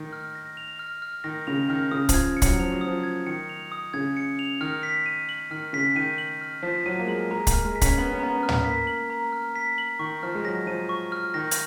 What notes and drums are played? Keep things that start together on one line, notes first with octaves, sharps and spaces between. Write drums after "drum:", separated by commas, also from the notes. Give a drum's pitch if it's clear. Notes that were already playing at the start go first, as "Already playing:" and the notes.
Already playing: D#3
F6
A#6
F7
F6
F6
D#3 A#6
C#3 F7
D#3 F6
C#3 D#6
F3, drum: kick, hi-hat
G#6
C#7
F#3, drum: kick, hi-hat
F3 F7
F#3
D#6
F3
G#6
D#3 C#7
F7
D#6
C#3 G#6
C#7
F7
D#3 F6
B6
D#7
F#7
D#3 F6
C#3 B6
D#3 D#7
F#7
F6
F3 B6
F#3 D#7
A#3
G#3 F#7
G#3 A#5
A#3, drum: kick, hi-hat
F6
G#3
B6
C#4, drum: kick, hi-hat
B3 F#7
C#4
B3 A#5
C#4
F6
B3, drum: tom
A#3 B6
F#7
A#5
F6
B6
F#7
D#3 C#6
F3 F6
G#3
F#3 A#6
F3 D#7
C#6
F6
D#3 A#6
drum: hi-hat